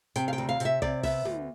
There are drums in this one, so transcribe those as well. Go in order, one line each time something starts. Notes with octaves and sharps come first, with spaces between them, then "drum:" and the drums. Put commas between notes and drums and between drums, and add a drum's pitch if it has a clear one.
C3 G5, drum: hi-hat
F5
G5
D2
F5
C3 E5, drum: hi-hat
C3 D5, drum: kick
B3 E5, drum: kick, open hi-hat
D2, drum: tom